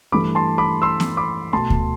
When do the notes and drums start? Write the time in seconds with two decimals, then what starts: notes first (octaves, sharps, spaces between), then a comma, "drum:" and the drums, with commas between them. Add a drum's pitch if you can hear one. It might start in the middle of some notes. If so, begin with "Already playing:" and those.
0.12 G2 E3 A3 B5 D6
0.35 A5 C6
0.58 B5 D6
0.82 C6 E6
1.00 drum: snare B3
1.17 B5 D6
1.53 B2 A3 A5 C6
1.70 drum: kick D2